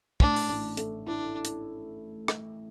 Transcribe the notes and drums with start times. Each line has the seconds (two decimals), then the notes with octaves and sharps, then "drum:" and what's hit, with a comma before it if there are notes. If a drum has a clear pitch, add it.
0.20 A2 D4, drum: kick
0.36 drum: open hi-hat
0.49 A1
0.77 A3, drum: hi-hat
1.07 D4 E4
1.45 drum: hi-hat
2.28 drum: rim click